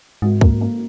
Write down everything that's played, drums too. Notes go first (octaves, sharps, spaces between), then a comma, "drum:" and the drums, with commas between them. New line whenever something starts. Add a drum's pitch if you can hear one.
G#1 G#2
A#3, drum: kick
A#3